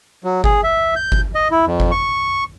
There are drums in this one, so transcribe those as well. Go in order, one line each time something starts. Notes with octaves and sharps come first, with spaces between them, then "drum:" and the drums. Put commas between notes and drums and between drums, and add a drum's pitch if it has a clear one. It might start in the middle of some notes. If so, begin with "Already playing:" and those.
F#3
G#4, drum: kick G1
E5
G6
drum: kick G1
D#5
E4
F2
drum: kick G1
C#6